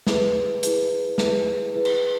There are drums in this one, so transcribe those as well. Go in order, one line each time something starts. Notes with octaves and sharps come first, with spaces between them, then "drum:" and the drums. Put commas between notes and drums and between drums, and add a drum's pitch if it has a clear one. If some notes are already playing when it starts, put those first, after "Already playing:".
E4 G#4 B4, drum: snare
E4 G#4 B4, drum: hi-hat
E4 G#4 B4, drum: snare
E4 G#4 B4
drum: cymbal